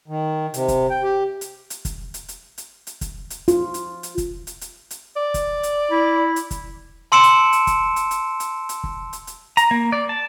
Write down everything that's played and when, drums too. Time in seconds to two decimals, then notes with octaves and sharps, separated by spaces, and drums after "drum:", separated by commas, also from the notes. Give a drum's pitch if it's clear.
0.08 D#3
0.54 C3, drum: hi-hat
0.68 drum: kick, hi-hat
0.90 G5
1.03 G4
1.41 drum: hi-hat
1.70 drum: hi-hat
1.85 drum: kick, hi-hat
2.14 drum: hi-hat
2.28 drum: hi-hat
2.58 drum: hi-hat
2.87 drum: hi-hat
3.01 drum: kick, hi-hat
3.30 drum: hi-hat
3.48 F4, drum: hi-hat
3.74 drum: hi-hat
4.03 drum: hi-hat
4.18 drum: kick, hi-hat
4.47 drum: hi-hat
4.61 drum: hi-hat
4.91 drum: hi-hat
5.16 D5
5.34 drum: kick, hi-hat
5.63 drum: hi-hat
5.91 E4
6.36 drum: hi-hat
6.51 drum: kick, hi-hat
7.12 A5 C6 E6 C#7 D7 E7
7.23 drum: hi-hat
7.53 drum: hi-hat
7.67 drum: kick, hi-hat
7.96 drum: hi-hat
8.11 drum: hi-hat
8.40 drum: hi-hat
8.69 drum: hi-hat
8.84 drum: kick
9.13 drum: hi-hat
9.27 drum: hi-hat
9.57 A#5, drum: hi-hat
9.71 A#3
9.92 D5
10.09 A5